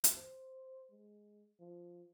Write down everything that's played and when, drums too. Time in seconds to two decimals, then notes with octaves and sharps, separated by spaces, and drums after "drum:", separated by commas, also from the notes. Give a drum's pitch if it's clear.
0.04 drum: hi-hat
0.17 C5
0.91 G#3
1.60 F3